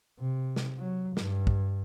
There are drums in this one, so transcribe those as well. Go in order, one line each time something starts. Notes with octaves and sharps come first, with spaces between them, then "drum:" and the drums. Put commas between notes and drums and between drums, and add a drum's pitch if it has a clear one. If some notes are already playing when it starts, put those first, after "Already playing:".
C3
drum: snare
F#3
G2, drum: snare
drum: kick